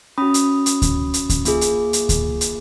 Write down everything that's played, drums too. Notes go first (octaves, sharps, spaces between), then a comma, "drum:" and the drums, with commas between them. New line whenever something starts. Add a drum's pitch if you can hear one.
C#4 F#4 B5 D#6
drum: hi-hat
drum: hi-hat
drum: kick D2, hi-hat
drum: hi-hat
drum: kick D2, hi-hat
A#3 F4 G#4, drum: hi-hat
drum: hi-hat
drum: hi-hat
drum: kick D2, hi-hat
drum: hi-hat